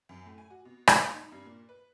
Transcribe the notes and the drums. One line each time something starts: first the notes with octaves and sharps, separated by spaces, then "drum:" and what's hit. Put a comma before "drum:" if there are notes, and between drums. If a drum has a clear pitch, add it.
F#2
A2
G#5
F#4
B2
D5, drum: rim click
A#3
D#4
G2
A#2
B4